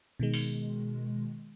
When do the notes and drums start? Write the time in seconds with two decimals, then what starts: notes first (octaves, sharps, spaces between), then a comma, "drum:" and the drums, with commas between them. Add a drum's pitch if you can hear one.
0.20 B2 D#3 G#3
0.34 drum: open hi-hat